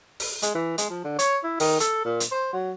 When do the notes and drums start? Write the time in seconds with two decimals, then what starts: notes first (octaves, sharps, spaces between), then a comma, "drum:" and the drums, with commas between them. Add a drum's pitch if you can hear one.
0.20 drum: open hi-hat
0.42 G#3, drum: hi-hat
0.55 E3
0.78 G#3, drum: hi-hat
0.90 F3
1.04 D3
1.19 C#5, drum: hi-hat
1.44 E4
1.60 D#3, drum: open hi-hat
1.80 A4, drum: hi-hat
2.05 A#2
2.20 drum: hi-hat
2.32 C5
2.53 F#3